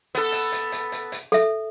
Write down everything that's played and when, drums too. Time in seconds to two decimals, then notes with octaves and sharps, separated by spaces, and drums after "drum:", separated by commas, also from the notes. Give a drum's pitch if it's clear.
0.15 B3 A4, drum: hi-hat
0.32 drum: hi-hat
0.52 drum: hi-hat
0.72 drum: hi-hat
0.92 drum: hi-hat
1.12 drum: hi-hat
1.32 A4 E5, drum: hi-hat